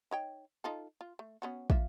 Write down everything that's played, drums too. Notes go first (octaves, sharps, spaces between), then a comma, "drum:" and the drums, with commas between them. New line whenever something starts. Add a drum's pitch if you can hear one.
D#4 C#5 G5
D#4 F4 A4
F4
A3
B3 C#4 F#4
A#3 F4 E5, drum: kick